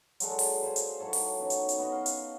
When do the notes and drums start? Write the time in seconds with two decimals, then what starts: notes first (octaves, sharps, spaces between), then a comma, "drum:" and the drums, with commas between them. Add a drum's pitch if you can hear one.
0.20 F#3 G#3 A4 D5, drum: hi-hat
0.39 drum: open hi-hat
0.62 B4 C5 F5 G#5
0.76 drum: hi-hat
0.99 F#3 E4 A4 C#5
1.13 drum: open hi-hat
1.39 B3 C#4 D#4
1.50 drum: hi-hat
1.69 drum: hi-hat
1.78 B3 F#4 D#5
1.92 F5
2.06 drum: hi-hat